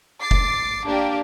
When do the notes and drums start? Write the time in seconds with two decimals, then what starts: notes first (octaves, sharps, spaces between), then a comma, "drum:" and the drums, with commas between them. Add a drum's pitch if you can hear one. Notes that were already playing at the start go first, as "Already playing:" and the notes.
0.21 D6 A6 C7
0.31 drum: kick F1
0.85 A#3 D4 G4 A#4